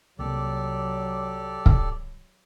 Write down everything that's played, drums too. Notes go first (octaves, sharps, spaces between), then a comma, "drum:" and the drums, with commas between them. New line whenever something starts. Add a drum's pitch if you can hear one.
C2 F#3 A#3 G4 A4 D5
drum: kick